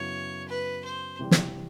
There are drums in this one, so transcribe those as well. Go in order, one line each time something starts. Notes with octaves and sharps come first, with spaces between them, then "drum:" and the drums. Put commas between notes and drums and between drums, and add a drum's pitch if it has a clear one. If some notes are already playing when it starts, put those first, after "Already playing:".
Already playing: F#2 C#3 F#3 B3 E4 C#5
B4
C5
C3 E3 G3
drum: snare